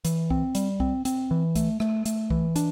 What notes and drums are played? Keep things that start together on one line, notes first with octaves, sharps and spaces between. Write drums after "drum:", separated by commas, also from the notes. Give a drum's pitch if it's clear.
E3, drum: hi-hat
C4, drum: kick C2
G3, drum: hi-hat
C4, drum: kick C2
C4, drum: hi-hat
E3
A3, drum: kick C2, hi-hat
A3, drum: rim click
A3, drum: hi-hat
E3, drum: kick C2
D4, drum: hi-hat